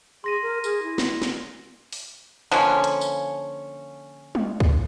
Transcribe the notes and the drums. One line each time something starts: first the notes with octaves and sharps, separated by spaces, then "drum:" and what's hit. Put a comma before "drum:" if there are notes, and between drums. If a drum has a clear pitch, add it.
G#4 C6 A#6 D#7
A#4
G#4, drum: tambourine
E4
drum: snare
drum: snare
drum: open hi-hat
D3 F3 A#3 C#4
drum: hi-hat
drum: tambourine
drum: tom G3
drum: kick